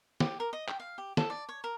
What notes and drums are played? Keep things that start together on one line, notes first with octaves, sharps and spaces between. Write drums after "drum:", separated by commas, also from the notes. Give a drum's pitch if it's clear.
G4, drum: snare
A#4
D#5
G5, drum: clap
F5
G4
A4, drum: snare
D5
C#5
A#4